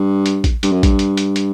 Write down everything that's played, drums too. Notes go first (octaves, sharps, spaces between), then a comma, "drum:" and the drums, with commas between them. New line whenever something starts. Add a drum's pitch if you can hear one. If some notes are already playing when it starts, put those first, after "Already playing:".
Already playing: G2
drum: hi-hat
drum: kick A1, hi-hat
G2, drum: hi-hat
F#2
G2, drum: kick A1, hi-hat
drum: hi-hat
drum: hi-hat
drum: hi-hat